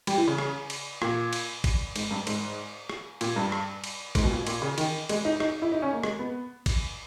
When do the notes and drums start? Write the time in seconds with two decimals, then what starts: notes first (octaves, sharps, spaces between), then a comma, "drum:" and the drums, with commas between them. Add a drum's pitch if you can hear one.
0.07 G3, drum: cymbal
0.18 E3
0.28 C#3
0.38 drum: rim click
0.70 drum: cymbal
1.02 A#2, drum: rim click
1.33 drum: cymbal
1.64 drum: kick A1, cymbal
1.96 G#2, drum: cymbal
2.11 G2
2.27 G#2, drum: cymbal
2.90 drum: rim click
3.21 A#2, drum: cymbal
3.36 G2
3.52 drum: rim click
3.84 drum: cymbal
4.15 G#2, drum: kick A1, cymbal
4.24 B2
4.31 A#2
4.47 A#2, drum: cymbal
4.62 C#3
4.78 D#3, drum: cymbal
5.09 G#3, drum: cymbal
5.25 D#4
5.40 D#4, drum: rim click
5.62 E4
5.72 D#4
5.82 C#4
5.93 A#3
6.03 G#3, drum: rim click
6.19 B3
6.66 drum: kick A1, cymbal